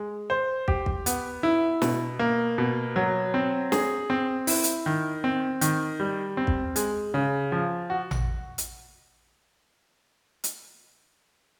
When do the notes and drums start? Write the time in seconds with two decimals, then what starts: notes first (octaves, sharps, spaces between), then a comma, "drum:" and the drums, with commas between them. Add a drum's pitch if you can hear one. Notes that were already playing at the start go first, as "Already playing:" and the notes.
Already playing: G#3
0.30 C5
0.68 G4, drum: kick
0.86 drum: kick
1.06 B3, drum: hi-hat
1.43 E4
1.82 B2, drum: snare
2.19 A#3
2.58 B2
2.96 F#3
3.34 C4
3.72 G#4, drum: snare
4.10 C4
4.47 E4, drum: open hi-hat
4.64 drum: hi-hat
4.86 D#3
5.24 C4
5.61 D#3, drum: hi-hat
6.00 G3
6.37 C4
6.47 drum: kick
6.76 G#3, drum: hi-hat
7.14 C#3
7.52 F3
7.90 F#4
8.11 drum: tom A1
8.58 drum: hi-hat
10.44 drum: hi-hat